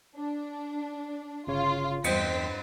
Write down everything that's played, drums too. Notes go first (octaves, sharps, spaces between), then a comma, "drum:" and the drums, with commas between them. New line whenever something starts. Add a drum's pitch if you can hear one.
D4
G1 C#3 F4 C#5
E2 G2 C5 D#5 G5 B6, drum: cymbal